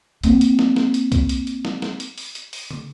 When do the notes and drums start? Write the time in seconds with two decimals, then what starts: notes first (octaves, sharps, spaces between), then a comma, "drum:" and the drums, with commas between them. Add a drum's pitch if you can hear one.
0.23 A#3 C4, drum: hi-hat
0.41 drum: hi-hat
0.59 drum: snare
0.76 drum: snare
0.94 drum: hi-hat
1.12 drum: kick C2, hi-hat
1.29 drum: hi-hat
1.47 drum: hi-hat
1.65 drum: snare
1.82 drum: snare
2.00 drum: hi-hat
2.18 drum: open hi-hat
2.35 drum: hi-hat
2.53 drum: open hi-hat
2.71 drum: tom